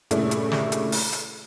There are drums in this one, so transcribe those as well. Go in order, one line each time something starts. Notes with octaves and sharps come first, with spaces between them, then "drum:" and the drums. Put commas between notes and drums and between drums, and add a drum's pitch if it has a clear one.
G2 A#2 C#3 A3 E4, drum: hi-hat
drum: hi-hat
drum: snare
drum: hi-hat
drum: open hi-hat
drum: hi-hat